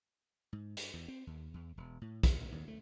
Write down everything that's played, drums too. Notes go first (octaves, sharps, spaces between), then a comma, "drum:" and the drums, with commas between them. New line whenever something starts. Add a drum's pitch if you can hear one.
G#2
G2, drum: hi-hat
E2
C4
D#2
E2
E1
A2
E2, drum: kick, hi-hat
A#1
D#2
A3